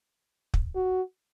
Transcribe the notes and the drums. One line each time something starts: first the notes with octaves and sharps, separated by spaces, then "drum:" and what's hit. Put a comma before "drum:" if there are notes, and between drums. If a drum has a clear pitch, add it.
drum: kick
F#4